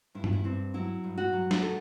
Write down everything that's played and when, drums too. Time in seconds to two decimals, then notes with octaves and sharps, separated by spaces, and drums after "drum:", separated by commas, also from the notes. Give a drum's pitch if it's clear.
0.15 G2 E4
0.24 D4, drum: tom G2
0.33 E4
0.44 G2 C4
0.74 F#3 E4
1.04 G2
1.17 F#4
1.33 F#3
1.51 drum: snare
1.62 A4